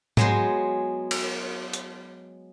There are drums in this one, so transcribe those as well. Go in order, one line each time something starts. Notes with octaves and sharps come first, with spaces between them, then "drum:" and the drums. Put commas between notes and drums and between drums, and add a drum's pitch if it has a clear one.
F#3 G#3 B3 C5, drum: tom G#2
drum: cymbal
drum: hi-hat